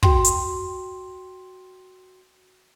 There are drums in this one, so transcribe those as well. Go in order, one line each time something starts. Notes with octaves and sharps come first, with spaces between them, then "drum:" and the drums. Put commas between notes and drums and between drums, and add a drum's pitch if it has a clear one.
F#4 G5 C6, drum: kick
drum: hi-hat